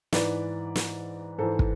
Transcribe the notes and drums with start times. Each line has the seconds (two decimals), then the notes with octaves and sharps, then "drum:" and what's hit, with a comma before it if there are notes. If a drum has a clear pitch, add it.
0.13 G#2 E3 B4 D5, drum: snare
0.76 drum: snare
1.38 G#2 E3 A4 C5
1.59 drum: kick